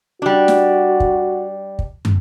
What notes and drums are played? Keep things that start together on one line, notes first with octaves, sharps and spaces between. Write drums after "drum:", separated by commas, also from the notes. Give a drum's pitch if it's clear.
G3 D4 F#4
drum: snare
drum: kick
drum: kick
drum: tom